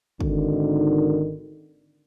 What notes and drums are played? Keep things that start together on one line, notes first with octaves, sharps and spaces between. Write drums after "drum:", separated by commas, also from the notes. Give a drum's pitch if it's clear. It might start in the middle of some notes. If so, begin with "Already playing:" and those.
G#1 D3 D#3, drum: kick